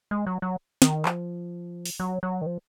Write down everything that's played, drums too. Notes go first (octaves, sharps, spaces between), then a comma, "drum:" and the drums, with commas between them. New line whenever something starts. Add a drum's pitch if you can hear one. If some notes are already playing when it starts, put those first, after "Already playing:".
G#3
F#3
F#3
D#3, drum: snare
F3, drum: clap
drum: open hi-hat
F#3
F#3
D#3
F3